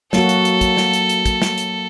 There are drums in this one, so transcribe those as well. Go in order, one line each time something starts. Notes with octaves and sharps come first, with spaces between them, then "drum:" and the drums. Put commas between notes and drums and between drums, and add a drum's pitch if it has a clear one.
F#3 A#3 F#4 A4, drum: snare
drum: hi-hat
drum: hi-hat
drum: kick, hi-hat
drum: snare
drum: hi-hat
drum: hi-hat
drum: kick, hi-hat
drum: snare
drum: hi-hat